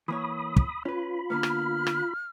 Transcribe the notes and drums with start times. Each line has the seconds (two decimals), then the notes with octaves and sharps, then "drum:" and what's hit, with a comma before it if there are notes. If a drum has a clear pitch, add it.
0.08 E3 A#3 C#5 B5 D#6
0.56 drum: kick
0.85 C#4 F4 B4 B5
1.30 D3 A#3 B3 F6
1.43 drum: rim click
1.87 drum: rim click